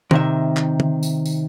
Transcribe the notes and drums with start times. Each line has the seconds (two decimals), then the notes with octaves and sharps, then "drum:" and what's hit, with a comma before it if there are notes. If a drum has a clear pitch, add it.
0.11 C3 D#3 E5, drum: tom
0.57 drum: clap
0.80 drum: tom
1.03 drum: tambourine
1.26 drum: tambourine